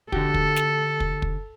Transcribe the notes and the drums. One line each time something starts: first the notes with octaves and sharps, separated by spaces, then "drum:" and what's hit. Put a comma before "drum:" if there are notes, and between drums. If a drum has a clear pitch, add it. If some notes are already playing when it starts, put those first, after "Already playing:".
D3 F#4 G4 A4, drum: kick
drum: kick
drum: snare
drum: kick
drum: kick